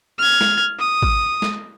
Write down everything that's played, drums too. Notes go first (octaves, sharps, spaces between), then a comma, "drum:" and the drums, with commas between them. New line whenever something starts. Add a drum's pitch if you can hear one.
F6 G#6
drum: snare
D#6
drum: kick A1
drum: snare